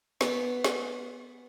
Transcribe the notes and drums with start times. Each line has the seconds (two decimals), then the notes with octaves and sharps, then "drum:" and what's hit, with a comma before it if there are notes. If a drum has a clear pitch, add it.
0.21 B3, drum: snare
0.64 drum: snare